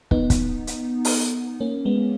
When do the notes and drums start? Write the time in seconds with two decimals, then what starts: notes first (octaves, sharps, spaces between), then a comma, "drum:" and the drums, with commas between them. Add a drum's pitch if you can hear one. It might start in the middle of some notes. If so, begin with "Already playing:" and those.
0.11 B3 D#4, drum: kick
0.30 drum: kick, hi-hat
0.67 drum: hi-hat
1.05 drum: open hi-hat
1.60 A#3 C#4
1.85 G#3 B3